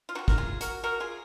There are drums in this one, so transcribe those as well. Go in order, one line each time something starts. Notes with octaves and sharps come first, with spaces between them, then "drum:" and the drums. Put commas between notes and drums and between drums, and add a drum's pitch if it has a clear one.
F4
F3 C4 D#4 F#4
A#4, drum: kick
F4 G#4
F#4 A#4, drum: hi-hat
F#4 A#4
F4 G#4